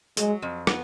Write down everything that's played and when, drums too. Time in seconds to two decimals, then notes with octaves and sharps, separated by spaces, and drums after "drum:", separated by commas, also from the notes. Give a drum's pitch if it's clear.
0.17 F#3 G#3, drum: hi-hat
0.42 F2
0.67 B3, drum: rim click